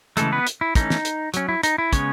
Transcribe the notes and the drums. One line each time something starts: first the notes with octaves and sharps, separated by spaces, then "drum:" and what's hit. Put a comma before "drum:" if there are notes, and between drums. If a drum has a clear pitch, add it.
C#3 E3 G#3 A3 A4, drum: hi-hat
B3 B4
drum: hi-hat
E4
E3 A3 C#4 D#4, drum: kick, hi-hat
drum: snare
drum: hi-hat
F#3 C#4, drum: hi-hat
E4
D#4, drum: hi-hat
E4
C#3 G#3 B3 C#4 C#5, drum: kick, hi-hat